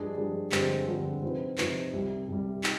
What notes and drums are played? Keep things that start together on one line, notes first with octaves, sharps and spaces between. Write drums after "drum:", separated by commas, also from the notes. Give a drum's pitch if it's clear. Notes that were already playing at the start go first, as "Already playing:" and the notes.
Already playing: G2 F3 G#3 D4 G#4
G2 F3 G#3 D4 G#4
G2 D3 F3 G#3 C4, drum: clap
G2 D3 F3 G#3 C4
C3 F3 C4 D#4 B4
C3 F3 C4 D#4 B4, drum: clap
C2 C3 G3
C2 C3 G3
D#4, drum: clap